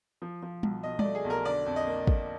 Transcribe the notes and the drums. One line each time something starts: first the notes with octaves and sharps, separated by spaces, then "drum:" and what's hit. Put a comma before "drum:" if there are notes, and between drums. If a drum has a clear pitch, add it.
F3
F3
B1, drum: tom G3
B1 D#5
D5, drum: tom G3
A3
G#4
B1
A#4
D3 D5
F2
D#5
A#3
A#3, drum: kick